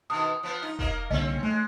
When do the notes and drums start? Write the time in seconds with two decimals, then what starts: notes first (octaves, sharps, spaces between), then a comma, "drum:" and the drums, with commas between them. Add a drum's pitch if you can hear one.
0.10 B2 D#3 D#6
0.43 F3 B3
0.62 D#4
0.79 A#3 A#4 D#5, drum: kick F1
1.10 C2 D3 A#3 C4 C#4 D#5
1.43 G#3 A3